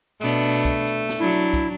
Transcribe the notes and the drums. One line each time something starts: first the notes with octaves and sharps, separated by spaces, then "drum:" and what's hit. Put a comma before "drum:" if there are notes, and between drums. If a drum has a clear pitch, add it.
B2 A3 B3 D4, drum: hi-hat
drum: hi-hat
drum: kick, hi-hat
drum: hi-hat
drum: snare
F#3 D4 E4
drum: hi-hat
drum: kick, hi-hat